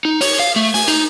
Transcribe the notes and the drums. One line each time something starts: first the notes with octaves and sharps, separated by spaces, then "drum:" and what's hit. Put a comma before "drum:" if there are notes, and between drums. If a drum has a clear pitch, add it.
D#4
C#5, drum: open hi-hat
F5
A3
G#5, drum: open hi-hat
D#4, drum: hi-hat